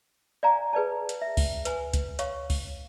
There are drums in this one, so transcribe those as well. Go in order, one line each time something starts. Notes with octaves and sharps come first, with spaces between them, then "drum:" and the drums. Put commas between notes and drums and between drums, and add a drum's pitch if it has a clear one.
D5 F5 G#5 A#5
G#4 B4 D5 A5
drum: hi-hat
E5
drum: kick C#2, open hi-hat
B4 G#5, drum: hi-hat
drum: kick C#2, hi-hat
C#5 F5 C#6, drum: hi-hat
drum: kick C#2, open hi-hat